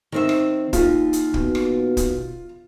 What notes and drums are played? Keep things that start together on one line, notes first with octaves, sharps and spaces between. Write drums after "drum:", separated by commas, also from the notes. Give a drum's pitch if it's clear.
D#3 C4 E5
drum: rim click
D#2 F4, drum: kick, hi-hat
drum: hi-hat
B2, drum: kick
drum: rim click
drum: kick, hi-hat